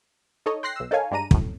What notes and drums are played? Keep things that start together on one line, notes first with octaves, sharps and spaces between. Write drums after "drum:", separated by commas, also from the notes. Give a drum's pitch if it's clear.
D#4 A4 C#5 D#5
G5 C6 F#6 A#6 C7
B1 E6
D#4 A4 A#4 C#5 F5 G#5
G2 G#3 D4 A#5 D#7
F#2 A2, drum: kick